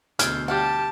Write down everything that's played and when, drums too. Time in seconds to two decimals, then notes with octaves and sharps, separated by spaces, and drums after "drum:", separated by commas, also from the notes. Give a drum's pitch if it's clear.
0.19 D2 B2 G#4 A4 F6 G6, drum: hi-hat
0.48 G3 G4 F5 F#5 A5